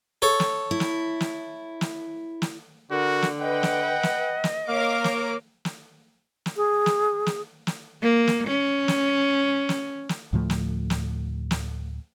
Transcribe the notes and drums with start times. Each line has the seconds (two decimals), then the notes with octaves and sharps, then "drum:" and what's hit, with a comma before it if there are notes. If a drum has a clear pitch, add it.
0.22 A4 C#5
0.40 drum: snare
0.71 E4
0.80 drum: snare
1.20 drum: snare
1.81 drum: snare
2.42 drum: snare
2.91 D3 F#4 A#4
3.22 drum: snare
3.41 B4 D#5 F#5 G5
3.63 drum: snare
4.03 drum: snare
4.44 drum: snare
4.69 A#3 A#4 C#5 F5 D6
5.04 drum: snare
5.65 drum: snare
6.46 drum: snare
6.57 G#4
6.86 drum: snare
7.26 drum: snare
7.67 drum: snare
8.02 A#3
8.27 drum: snare
8.48 C#4
8.88 drum: snare
9.69 drum: snare
10.09 drum: snare
10.33 D2 A2 F3 A3
10.50 drum: snare
10.90 drum: snare
11.51 drum: snare